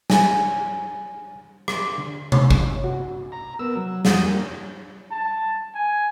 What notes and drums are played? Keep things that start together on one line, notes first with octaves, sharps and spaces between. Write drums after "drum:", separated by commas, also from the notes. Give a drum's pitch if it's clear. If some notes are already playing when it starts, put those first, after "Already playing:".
G#5, drum: snare
D6, drum: rim click
D3
C#5, drum: tom C3
drum: kick
F#4
A#5
B3 A#4 E6
F#3
F2 F#4 D#6, drum: snare
G3 A#3
A5
G#5